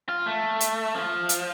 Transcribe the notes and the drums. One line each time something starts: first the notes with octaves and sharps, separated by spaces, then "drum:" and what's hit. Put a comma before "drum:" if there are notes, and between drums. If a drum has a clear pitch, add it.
F4
A3
drum: hi-hat
F3
drum: hi-hat